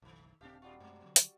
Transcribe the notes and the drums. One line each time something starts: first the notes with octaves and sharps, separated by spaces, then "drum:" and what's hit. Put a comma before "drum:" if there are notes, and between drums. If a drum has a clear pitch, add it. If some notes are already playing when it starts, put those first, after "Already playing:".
F#1 B1 D#3 A3
D#1 C#3 C4 D4 G4 F5
F#2 A2 G3 F4 F#4
F#2 B2 G#3 A3
D3 F#3
drum: hi-hat